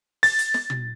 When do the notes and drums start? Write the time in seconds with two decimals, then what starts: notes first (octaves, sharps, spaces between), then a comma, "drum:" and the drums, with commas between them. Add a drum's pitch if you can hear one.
0.23 A6, drum: open hi-hat
0.39 drum: hi-hat
0.54 drum: snare
0.70 drum: tom